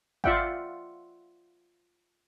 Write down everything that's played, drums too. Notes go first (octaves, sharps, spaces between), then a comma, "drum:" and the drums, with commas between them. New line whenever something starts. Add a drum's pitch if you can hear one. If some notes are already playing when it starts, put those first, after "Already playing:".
F4 D5 E5 F#5 G5, drum: kick G#1